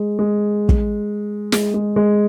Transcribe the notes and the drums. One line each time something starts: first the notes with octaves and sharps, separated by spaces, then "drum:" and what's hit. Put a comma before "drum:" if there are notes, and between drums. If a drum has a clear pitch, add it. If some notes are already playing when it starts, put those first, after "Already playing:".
Already playing: G#3
G#3
drum: kick
G#3, drum: snare
G#3
G#3